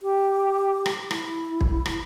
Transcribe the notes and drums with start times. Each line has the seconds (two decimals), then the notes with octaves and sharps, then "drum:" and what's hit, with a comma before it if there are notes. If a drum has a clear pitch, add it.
0.02 G4
0.86 drum: rim click
1.11 E4, drum: rim click
1.61 drum: kick
1.86 drum: rim click